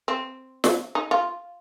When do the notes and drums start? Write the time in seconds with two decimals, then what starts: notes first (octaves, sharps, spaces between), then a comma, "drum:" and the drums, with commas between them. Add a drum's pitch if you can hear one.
0.08 C4
0.64 drum: snare
0.95 D#4
1.11 F4